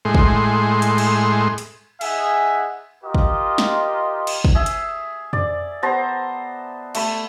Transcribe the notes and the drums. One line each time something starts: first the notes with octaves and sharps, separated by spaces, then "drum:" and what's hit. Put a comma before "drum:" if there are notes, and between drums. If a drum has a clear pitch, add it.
A2 G#3 C6
drum: kick
drum: hi-hat
drum: cymbal
drum: hi-hat
D#4 G#4 E5 F#5 G#5, drum: cymbal
F4 G4 A#4 D#5
drum: kick
drum: snare
drum: cymbal
drum: kick
G#4 E5
drum: hi-hat
D5, drum: tom F2
B3 C5 A5 A#5
A3 B5, drum: cymbal